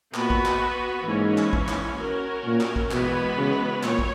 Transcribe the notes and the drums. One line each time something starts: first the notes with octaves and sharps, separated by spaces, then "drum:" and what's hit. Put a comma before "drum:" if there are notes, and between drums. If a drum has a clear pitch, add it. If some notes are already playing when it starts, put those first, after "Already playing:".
A#2 B3 F#4 B4, drum: clap
drum: kick
drum: clap
G#2 E3 A#3 C#4
drum: clap
drum: kick
drum: clap
C#4 F#4 A#4
A#2
drum: clap
drum: kick
B2 E3 G#3 B3 F#4 B4, drum: clap
C#3
A#2 C#5, drum: clap
drum: kick